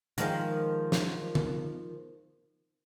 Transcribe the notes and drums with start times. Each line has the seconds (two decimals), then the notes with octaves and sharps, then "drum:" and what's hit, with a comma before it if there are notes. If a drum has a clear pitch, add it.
0.18 D#3 F3 G#3, drum: hi-hat
0.92 drum: snare
1.35 drum: tom D3